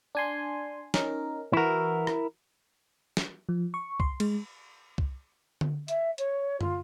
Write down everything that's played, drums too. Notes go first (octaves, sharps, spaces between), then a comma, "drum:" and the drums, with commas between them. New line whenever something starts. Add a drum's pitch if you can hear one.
D4 G#5 C6
C#4 D#4 A#4, drum: snare
E3 E4 F#4 A#4
drum: rim click
drum: snare
F3
C#6
C6, drum: kick
G#3, drum: cymbal
drum: kick
drum: tom D3
E5, drum: hi-hat
C#5, drum: hi-hat
F4, drum: tom